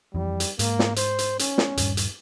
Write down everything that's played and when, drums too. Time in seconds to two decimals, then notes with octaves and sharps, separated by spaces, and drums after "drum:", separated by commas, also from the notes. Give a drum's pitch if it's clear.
0.15 F2 E3 G3
0.40 drum: hi-hat
0.59 G#2 A#3, drum: hi-hat
0.79 drum: snare
0.96 C5, drum: hi-hat
1.19 drum: hi-hat
1.39 C#4, drum: hi-hat
1.58 drum: snare
1.77 D#1 G2, drum: hi-hat
1.97 drum: hi-hat